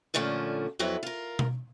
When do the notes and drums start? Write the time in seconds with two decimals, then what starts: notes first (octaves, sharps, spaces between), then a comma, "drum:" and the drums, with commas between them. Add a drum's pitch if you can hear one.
0.14 A#2 D3 F3 A3 C#4
0.79 F2 F#3 B3 E4 E5
1.03 F4 A#4
1.39 drum: tom B2